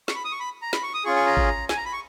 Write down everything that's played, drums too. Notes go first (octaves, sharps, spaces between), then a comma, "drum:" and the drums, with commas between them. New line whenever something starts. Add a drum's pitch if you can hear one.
C#6, drum: snare
B5
D#6
C#6
B5
A#5
B5, drum: snare
C#6
D#6
C#4 F4 G#4 C#6
C#6
A#5
drum: kick G#1
G#5, drum: snare
A#5
B5
C#6